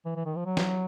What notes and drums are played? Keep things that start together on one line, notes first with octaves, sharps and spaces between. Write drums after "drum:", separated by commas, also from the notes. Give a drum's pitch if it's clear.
E3
E3
D#3
F3
F#3
drum: snare